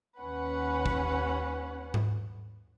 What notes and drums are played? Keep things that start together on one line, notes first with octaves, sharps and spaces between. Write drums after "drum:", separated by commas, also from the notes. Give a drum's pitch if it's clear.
D#2 C#4 B4 F#5
drum: kick
drum: tom G#2